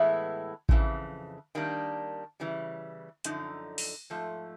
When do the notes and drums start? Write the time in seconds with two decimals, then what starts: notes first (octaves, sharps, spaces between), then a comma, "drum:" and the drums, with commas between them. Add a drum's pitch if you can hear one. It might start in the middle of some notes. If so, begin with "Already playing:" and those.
Already playing: A2 E3 G#3 B3 E4
0.69 F2 C#3 E3, drum: kick A1
1.55 D#3 G3 A#3 D4
2.40 C#3 E3 G3
3.24 F#2 D3 F3 D#4, drum: hi-hat
3.78 drum: open hi-hat
4.10 G#2 F3 A3